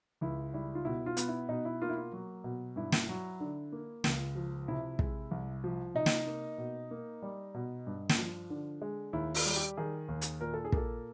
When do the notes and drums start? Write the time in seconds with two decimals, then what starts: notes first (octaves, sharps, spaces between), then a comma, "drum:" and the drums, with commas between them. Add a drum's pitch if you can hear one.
0.21 C#2 E4
0.53 G3 E4
0.75 F4
0.85 B2 E4
1.06 F4
1.17 B3, drum: hi-hat
1.28 E4
1.49 B2 D#4
1.65 E4
1.82 A#3 F4
1.89 E4
1.97 F4
2.13 F#3
2.44 B2
2.76 G2 E4
2.92 drum: snare
3.09 F#3
3.40 D3
3.72 A#3
4.04 C#2, drum: snare
4.35 F3
4.68 C3 E4
4.99 G#3, drum: kick
5.31 C2
5.64 F3
5.95 C3 D#4
6.06 drum: snare
6.27 A#3
6.58 B2
6.91 A#3
7.22 G3
7.54 B2
7.87 G2
8.09 drum: snare
8.18 F3
8.50 D3
8.82 G#3
9.13 D#2 E4
9.35 F4, drum: open hi-hat
9.45 G3
9.56 G4
9.77 D#3 G#4
10.08 D#2
10.21 drum: hi-hat
10.41 A#2 A#4
10.54 A4
10.65 G#4
10.72 A#3 A4, drum: kick